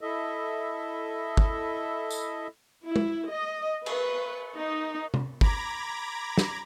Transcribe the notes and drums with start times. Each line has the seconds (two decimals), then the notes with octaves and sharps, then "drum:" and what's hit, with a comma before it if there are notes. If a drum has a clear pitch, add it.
0.01 E4 A4 D#5 E5
1.37 drum: kick
2.11 drum: tambourine
2.86 E4
2.96 drum: tom
3.30 D#5
3.86 B4, drum: cymbal
4.56 D#4
5.14 drum: tom C3
5.41 A#5 B5 D6 G#6 A#6, drum: kick
6.38 drum: snare